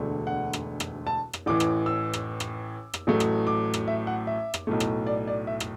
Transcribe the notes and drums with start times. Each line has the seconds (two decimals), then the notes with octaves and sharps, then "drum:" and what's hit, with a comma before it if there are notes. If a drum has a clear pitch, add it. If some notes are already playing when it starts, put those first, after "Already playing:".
Already playing: E1 D2 D3 A3
0.27 F#5
0.53 drum: rim click
0.80 drum: rim click
1.07 A5
1.33 drum: rim click
1.46 A1 A2 E3 D6
1.60 drum: rim click
1.86 E6
2.13 drum: rim click
2.40 drum: rim click
2.94 drum: rim click
3.07 A1 A2 F#3 A3
3.20 drum: rim click
3.47 D6
3.74 drum: rim click
3.87 E5
4.07 F#5
4.27 E5
4.54 drum: rim click
4.67 B1 A2 A3
4.80 drum: rim click
5.07 D5
5.27 D5
5.47 E5
5.60 drum: rim click